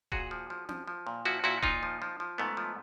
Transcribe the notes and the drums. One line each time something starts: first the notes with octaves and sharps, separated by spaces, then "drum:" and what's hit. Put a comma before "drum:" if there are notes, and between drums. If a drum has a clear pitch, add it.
A#2 F#4 G#4, drum: kick D#1
F3
F3
F3, drum: tom C4
F3
A#2
F3 E4 F#4
A#2 E4 F#4
A#2 D#4 F4, drum: kick D#1
F3
F3
F3
G#2 A3 B3
F3